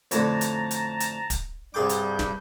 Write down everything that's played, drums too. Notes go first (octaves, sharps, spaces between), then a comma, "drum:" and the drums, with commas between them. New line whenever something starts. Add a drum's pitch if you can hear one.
F2 A2 D3 A5 A#5, drum: hi-hat
drum: hi-hat
drum: hi-hat
drum: hi-hat
drum: kick, hi-hat
C2 G2 G3 G#4 D6 G6
drum: hi-hat
drum: snare